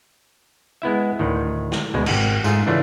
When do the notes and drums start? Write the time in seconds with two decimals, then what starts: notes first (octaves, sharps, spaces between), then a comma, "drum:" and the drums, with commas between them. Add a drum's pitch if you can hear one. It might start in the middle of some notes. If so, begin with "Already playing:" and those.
0.82 G#3 B3 E4 E5
1.19 D2 A2 D#3
1.72 drum: snare
1.94 D2 B2 G#3
2.06 G#1 G4 F#5 A5, drum: cymbal
2.44 G#2 A3 F4 G#4, drum: tambourine
2.66 C#3 E3 A3 D4 F4